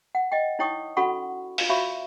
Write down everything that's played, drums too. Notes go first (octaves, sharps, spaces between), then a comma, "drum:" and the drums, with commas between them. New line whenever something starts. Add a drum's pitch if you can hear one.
F#5
D#5 G5
D#4 E4 C#5 G5 C#6 D#6
C#4 F#4 A4 F#5 B5 C#6
F4 F5, drum: open hi-hat
F#4 C#5 E5 F5 B5 C#6